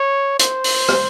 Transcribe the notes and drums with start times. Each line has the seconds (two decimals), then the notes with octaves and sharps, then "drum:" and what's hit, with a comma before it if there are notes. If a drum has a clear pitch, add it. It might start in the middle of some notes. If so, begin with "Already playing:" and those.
Already playing: C#5
0.39 C5, drum: hi-hat
0.64 drum: open hi-hat
0.88 drum: rim click